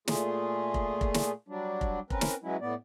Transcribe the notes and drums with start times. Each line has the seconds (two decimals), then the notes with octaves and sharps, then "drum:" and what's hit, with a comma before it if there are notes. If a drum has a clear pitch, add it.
0.08 A#2 A3 F4 G#4, drum: snare
0.74 drum: kick F1
1.01 drum: kick F1
1.14 drum: snare
1.48 F#3 G3 D4
1.81 drum: kick F1
2.10 C4 C#4 A#4 B4, drum: kick F1
2.21 drum: snare
2.43 E3 F#3 G#3 C#4 E4
2.61 A2 B3 D5